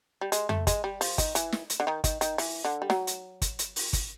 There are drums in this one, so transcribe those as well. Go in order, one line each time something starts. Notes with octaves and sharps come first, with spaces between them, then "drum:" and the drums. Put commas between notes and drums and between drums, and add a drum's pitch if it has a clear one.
G3
G#3, drum: hi-hat
A3, drum: tom F2
G#3, drum: kick, hi-hat
G3
F3, drum: open hi-hat
D#3, drum: kick, hi-hat
E3, drum: hi-hat
drum: snare
drum: hi-hat
D3
D#3
D#3, drum: kick, hi-hat
D#3, drum: hi-hat
E3, drum: open hi-hat
D3
G3
F#3, drum: snare
drum: hi-hat
drum: kick, hi-hat
drum: hi-hat
drum: open hi-hat
drum: kick, hi-hat